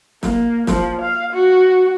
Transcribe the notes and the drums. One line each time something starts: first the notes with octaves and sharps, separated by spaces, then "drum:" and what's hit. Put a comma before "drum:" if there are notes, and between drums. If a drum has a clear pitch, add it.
A#3, drum: snare
F3, drum: snare
F5
F#4